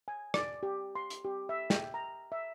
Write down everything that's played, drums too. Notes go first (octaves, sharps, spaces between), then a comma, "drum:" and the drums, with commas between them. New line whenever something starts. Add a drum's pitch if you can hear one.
G#5
D5, drum: rim click
G4
C6
drum: hi-hat
G4
E5
G5, drum: snare
A#5
E5